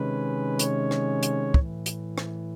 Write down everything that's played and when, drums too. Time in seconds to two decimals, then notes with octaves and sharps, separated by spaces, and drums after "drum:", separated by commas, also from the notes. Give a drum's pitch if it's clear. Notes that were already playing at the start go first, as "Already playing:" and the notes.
Already playing: C3 D#3 G#3 C#4 B4
0.59 C#5, drum: hi-hat
0.91 drum: rim click
1.23 drum: hi-hat
1.54 A2 E3, drum: kick
1.86 drum: hi-hat
2.18 drum: rim click